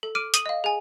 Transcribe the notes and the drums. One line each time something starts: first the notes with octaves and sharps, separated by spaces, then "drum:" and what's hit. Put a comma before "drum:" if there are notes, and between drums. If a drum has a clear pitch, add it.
A4
D6 F6 D7 D#7
D#6 D#7 F#7, drum: hi-hat
D#5 F5
G#4 G#5